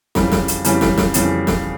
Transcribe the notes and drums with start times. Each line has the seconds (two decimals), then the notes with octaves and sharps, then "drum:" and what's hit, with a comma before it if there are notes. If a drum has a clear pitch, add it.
0.15 F2 C#3 E3 G3, drum: snare
0.32 drum: snare
0.48 drum: hi-hat
0.64 F2 C#3 E3 G3, drum: hi-hat
0.81 drum: snare
0.98 drum: snare
1.14 F2 C#3 E3 G3, drum: hi-hat
1.47 drum: snare